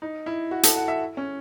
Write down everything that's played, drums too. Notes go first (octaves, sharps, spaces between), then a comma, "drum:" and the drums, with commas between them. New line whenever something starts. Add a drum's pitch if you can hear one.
D#4
E4
F#4
A4, drum: hi-hat
F#5
E5
C#4